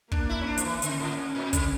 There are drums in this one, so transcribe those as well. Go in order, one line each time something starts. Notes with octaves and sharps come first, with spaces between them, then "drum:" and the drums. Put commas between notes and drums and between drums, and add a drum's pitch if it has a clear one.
A#3 D4, drum: kick
E4
C#4
D4
F3, drum: hi-hat
E3
D3 C#4, drum: hi-hat
A2
A2
A#2
C#3, drum: kick, hi-hat